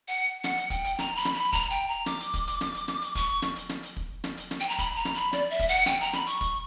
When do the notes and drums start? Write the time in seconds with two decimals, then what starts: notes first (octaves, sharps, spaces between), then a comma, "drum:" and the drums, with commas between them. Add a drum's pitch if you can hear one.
0.08 F#5
0.44 F#5, drum: snare
0.57 drum: hi-hat
0.70 G5, drum: kick, hi-hat
0.84 drum: hi-hat
0.99 A#5, drum: snare
1.16 B5
1.25 drum: snare
1.34 B5
1.53 A#5, drum: kick, hi-hat
1.70 G5
1.88 A#5
2.06 D6, drum: snare
2.20 drum: hi-hat
2.34 drum: kick, hi-hat
2.47 drum: hi-hat
2.61 drum: snare
2.74 drum: hi-hat
2.88 drum: snare
3.02 drum: hi-hat
3.15 C#6, drum: kick, hi-hat
3.42 drum: snare
3.56 drum: hi-hat
3.69 drum: snare
3.83 drum: hi-hat
3.97 drum: kick
4.24 drum: snare
4.37 drum: hi-hat
4.51 drum: snare
4.60 G5
4.69 A#5
4.78 B5, drum: kick, hi-hat
4.96 A#5
5.05 drum: snare
5.15 B5
5.33 D5, drum: snare
5.50 E5
5.59 drum: kick, hi-hat
5.68 F#5
5.86 G5, drum: snare
6.01 A#5, drum: hi-hat
6.13 B5, drum: snare
6.27 C#6, drum: hi-hat
6.41 drum: kick, hi-hat